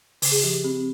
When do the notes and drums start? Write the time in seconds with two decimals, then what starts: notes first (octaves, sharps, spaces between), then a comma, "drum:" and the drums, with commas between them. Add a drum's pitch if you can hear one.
0.22 C#3, drum: open hi-hat
0.32 G#4
0.44 F3 G4
0.64 C4 G4